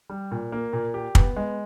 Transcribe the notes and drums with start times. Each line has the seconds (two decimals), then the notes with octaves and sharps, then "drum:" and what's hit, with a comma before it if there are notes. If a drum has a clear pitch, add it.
0.10 G3
0.31 A#2
0.52 A#3
0.73 A#2
0.94 G4
1.15 B3, drum: kick
1.37 G#3